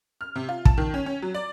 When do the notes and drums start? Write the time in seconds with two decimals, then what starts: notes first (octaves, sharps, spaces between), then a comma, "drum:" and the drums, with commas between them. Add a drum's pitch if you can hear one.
0.21 F6
0.35 C3
0.49 F4
0.65 A5, drum: kick
0.78 D#3
0.94 C#4
1.06 C#4
1.22 F#3
1.34 D5